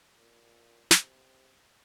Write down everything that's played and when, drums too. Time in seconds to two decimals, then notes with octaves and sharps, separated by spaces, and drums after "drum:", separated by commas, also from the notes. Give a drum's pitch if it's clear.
0.18 A#2
0.91 C3, drum: snare